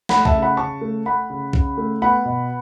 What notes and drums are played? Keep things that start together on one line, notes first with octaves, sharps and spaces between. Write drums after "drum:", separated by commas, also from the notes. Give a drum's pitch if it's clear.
A3 F#5 B5, drum: snare
E5 A5, drum: kick B1
C#3
F#5 B5
C#3 A5 C#6
A3
A3 F#5 B5
C#3
C#3, drum: kick B1
A3
B3 F#5 B5
B2